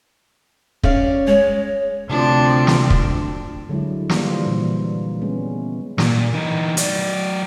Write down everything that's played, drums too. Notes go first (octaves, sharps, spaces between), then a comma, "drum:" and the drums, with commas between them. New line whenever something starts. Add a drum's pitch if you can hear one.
C#4 D5 F5, drum: kick
G#3 C#5
D2 C3 F3 C4 D4
drum: snare
drum: kick
D3 F#3 G#3 E4
E3 F3 G3 A#3 F4, drum: snare
A#2 E3
G#3 B3 C#4
A#2, drum: snare
E3 D#4
F#3 D5, drum: hi-hat